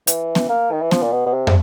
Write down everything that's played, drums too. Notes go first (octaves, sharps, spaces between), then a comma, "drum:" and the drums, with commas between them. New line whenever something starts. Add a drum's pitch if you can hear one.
E3, drum: hi-hat
drum: snare B3
A#3
D#3
E3
F3, drum: snare B3
A#2
B2
B2
C3
drum: tom